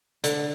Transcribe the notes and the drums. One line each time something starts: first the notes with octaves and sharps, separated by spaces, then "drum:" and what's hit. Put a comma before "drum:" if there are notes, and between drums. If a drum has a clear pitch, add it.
D3, drum: hi-hat